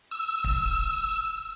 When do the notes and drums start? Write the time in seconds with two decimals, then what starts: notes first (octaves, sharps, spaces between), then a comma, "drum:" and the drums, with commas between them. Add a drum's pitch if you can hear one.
0.11 E6
0.44 drum: kick